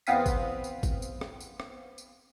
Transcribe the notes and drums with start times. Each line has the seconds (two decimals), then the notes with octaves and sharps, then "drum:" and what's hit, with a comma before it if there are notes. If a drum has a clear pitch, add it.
0.07 E2 B3 C4 F5 D#6 B6, drum: tambourine
0.26 drum: kick G#1, tambourine
0.64 drum: tambourine
0.83 drum: kick G#1, tambourine
1.02 drum: tambourine
1.21 drum: rim click
1.41 drum: tambourine
1.60 drum: rim click
1.98 drum: tambourine